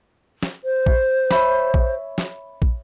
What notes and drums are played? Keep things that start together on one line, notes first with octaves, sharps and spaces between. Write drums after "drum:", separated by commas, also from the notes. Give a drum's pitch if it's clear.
drum: snare
C5
drum: kick
C#5 E5 B5, drum: snare
drum: kick
drum: snare
drum: kick